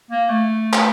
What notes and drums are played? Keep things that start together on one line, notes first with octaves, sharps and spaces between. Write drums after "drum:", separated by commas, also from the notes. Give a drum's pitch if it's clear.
A#3
A3
drum: clap